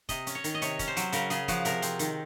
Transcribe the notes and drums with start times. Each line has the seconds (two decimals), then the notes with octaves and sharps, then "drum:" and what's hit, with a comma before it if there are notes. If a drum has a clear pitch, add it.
0.09 C3 D#5, drum: kick, hi-hat
0.27 C#4, drum: hi-hat
0.35 C#5
0.44 D#3, drum: hi-hat
0.55 D#5
0.62 C3 C#5, drum: hi-hat
0.79 C#4, drum: kick, hi-hat
0.88 C5
0.97 F#3, drum: hi-hat
1.12 C#3 A#4, drum: hi-hat
1.30 C#3 G#4, drum: hi-hat
1.48 F3 F#4, drum: kick, hi-hat
1.65 C3 A#4, drum: hi-hat
1.82 C4, drum: hi-hat
1.99 D#3, drum: hi-hat